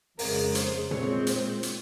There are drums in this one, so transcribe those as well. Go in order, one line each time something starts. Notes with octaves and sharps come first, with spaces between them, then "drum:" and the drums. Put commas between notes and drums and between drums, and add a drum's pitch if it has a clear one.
F2 C#3 G#3 A#4, drum: open hi-hat
C5, drum: hi-hat
A#2 G#3 C4 C#5, drum: tom
C5, drum: hi-hat
drum: hi-hat